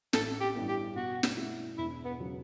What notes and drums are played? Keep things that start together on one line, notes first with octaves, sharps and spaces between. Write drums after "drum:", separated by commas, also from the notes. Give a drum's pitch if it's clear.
A1 A4, drum: snare
G4
G2 E3 B3
G4
B2 F#4
drum: snare
A3 E4
E1 E4
B3
C#3 F#3